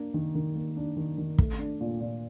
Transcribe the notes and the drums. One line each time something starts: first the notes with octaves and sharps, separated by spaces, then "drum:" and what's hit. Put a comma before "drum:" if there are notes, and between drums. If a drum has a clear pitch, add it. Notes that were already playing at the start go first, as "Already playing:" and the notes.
Already playing: A#3 D4
D#3
D#3
A#3
D4
D#3
D#3
A3, drum: kick
D4
A#2
A#2